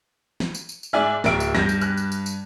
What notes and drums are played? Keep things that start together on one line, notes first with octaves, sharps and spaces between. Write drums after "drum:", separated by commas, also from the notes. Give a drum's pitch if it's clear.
drum: snare
drum: tambourine
drum: tambourine
drum: tambourine
G#2 D5 E5 G#5 F6
D1 A#4 E5 F6 D7, drum: snare
drum: tambourine
G2 G6 A#6, drum: snare
drum: tambourine
F6 F#6, drum: tambourine
drum: tambourine
drum: tambourine
drum: tambourine